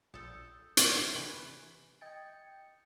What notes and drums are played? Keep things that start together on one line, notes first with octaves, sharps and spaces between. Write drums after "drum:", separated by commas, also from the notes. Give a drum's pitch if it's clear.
A#1 A#2 A4 A5 D#6 E6 G6
drum: hi-hat
C3 E3 B4 G#5
D#5 G5 G#6 A6 C#7